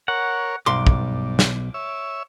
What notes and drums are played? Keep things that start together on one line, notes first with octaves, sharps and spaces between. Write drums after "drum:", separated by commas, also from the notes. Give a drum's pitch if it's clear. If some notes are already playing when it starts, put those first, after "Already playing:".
A#4 C#5 F#5
B1 G2 C6 D6
drum: kick
drum: snare
C#5 E5 E6